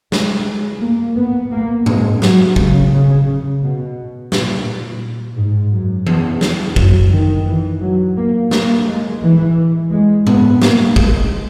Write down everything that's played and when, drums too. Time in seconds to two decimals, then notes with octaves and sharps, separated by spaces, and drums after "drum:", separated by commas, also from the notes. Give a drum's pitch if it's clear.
0.12 G#3, drum: snare
0.81 A#3
1.16 B3
1.52 A#3
1.86 G#3, drum: tom G#2
2.22 F#3, drum: snare
2.56 C#3, drum: kick
2.92 C#3
3.62 B2
4.32 A#2, drum: snare
5.36 G#2
5.71 F#2
6.07 E2, drum: tom E3
6.41 drum: snare
6.76 F#2, drum: kick
7.12 D#3
7.46 E3
7.81 F#3
8.16 A#3
8.51 A#3, drum: snare
8.86 G#3
9.22 E3
9.91 G#3
10.27 B3, drum: tom G#2
10.62 A#3, drum: snare
10.96 G#3, drum: kick